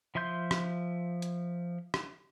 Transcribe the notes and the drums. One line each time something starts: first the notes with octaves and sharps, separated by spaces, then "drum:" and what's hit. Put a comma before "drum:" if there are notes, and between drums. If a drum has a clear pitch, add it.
F3 E5 C6 G6
drum: rim click
drum: hi-hat
drum: rim click